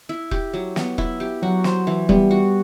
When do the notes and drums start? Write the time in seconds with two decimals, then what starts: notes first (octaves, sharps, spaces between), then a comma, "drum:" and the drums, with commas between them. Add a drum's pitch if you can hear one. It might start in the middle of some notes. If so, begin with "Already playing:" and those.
0.09 E4
0.31 G4, drum: kick E1
0.54 F#3
0.76 B3, drum: snare
0.98 E4, drum: kick E1
1.20 G4
1.42 F#3 F#4
1.64 C5, drum: snare
1.87 E3
2.09 G3 B3, drum: kick E1
2.31 F#4